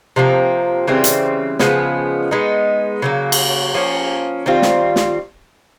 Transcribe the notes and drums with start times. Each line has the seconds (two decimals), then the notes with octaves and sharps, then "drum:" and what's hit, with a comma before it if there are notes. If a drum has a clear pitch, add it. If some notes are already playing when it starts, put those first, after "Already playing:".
0.16 C3 F3 A#3
0.87 C#3 E3 G3 C4
1.04 drum: hi-hat
1.59 C#3 F3 G#3 B3, drum: snare
2.31 G#3 B3 D#4
3.02 C#3 F#3 A#3
3.32 drum: cymbal
3.74 F3 A#3 C#4
4.46 D#3 G3 C4 F4
4.62 drum: snare
4.96 drum: snare